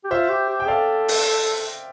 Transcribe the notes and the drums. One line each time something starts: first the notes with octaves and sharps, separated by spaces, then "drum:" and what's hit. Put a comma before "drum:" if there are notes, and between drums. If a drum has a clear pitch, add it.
G4
F4 C5 E5
G4
G4
G5
A4 D5 F5
drum: open hi-hat